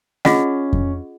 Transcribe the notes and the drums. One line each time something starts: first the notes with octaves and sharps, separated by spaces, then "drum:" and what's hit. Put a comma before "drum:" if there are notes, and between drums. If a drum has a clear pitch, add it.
C#4 F4 G#4 D#5 F#5, drum: snare
drum: kick F2